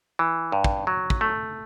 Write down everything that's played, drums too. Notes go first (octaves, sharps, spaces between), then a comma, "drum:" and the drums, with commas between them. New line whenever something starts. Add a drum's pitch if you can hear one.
E3
G2
drum: kick
F#3
drum: kick
A3